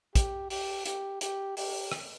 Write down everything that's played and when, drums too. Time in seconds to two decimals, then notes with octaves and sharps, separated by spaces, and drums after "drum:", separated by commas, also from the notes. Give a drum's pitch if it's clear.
0.15 G4, drum: kick, hi-hat
0.50 G4, drum: open hi-hat
0.86 G4, drum: hi-hat
1.21 G4, drum: hi-hat
1.57 G4, drum: open hi-hat
1.92 drum: rim click